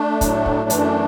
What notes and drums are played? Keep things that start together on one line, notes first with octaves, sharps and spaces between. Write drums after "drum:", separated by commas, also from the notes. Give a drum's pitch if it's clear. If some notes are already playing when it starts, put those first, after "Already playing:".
Already playing: A3 D4
A2 F#3, drum: kick, hi-hat
drum: kick
F#2 E3, drum: hi-hat